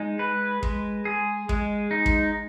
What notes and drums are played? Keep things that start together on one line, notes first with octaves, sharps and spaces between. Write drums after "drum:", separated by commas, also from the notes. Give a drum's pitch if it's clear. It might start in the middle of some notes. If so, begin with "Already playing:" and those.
Already playing: G#3 D#4
B4
G#3, drum: kick
G#4
G#3, drum: kick
D#4
drum: kick